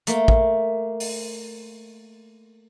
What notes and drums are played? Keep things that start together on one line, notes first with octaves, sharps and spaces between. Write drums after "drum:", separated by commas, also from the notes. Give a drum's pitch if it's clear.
A3 A#3, drum: hi-hat
drum: kick
drum: open hi-hat